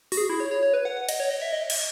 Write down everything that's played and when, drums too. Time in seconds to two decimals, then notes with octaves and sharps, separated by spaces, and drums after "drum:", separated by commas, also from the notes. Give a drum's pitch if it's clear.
0.12 F#4, drum: open hi-hat
0.17 G#4
0.30 E4
0.40 C#5
0.51 C#5
0.63 C#5
0.74 B4
0.85 F#5
0.97 F#5
1.09 D#5, drum: cymbal
1.20 C#5
1.30 D#5
1.42 E5
1.53 D#5
1.70 drum: cymbal